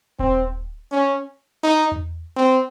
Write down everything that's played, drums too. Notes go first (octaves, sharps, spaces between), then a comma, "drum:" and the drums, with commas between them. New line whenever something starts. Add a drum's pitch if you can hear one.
C4, drum: kick D#1
C#4
D#4
drum: tom E2
C4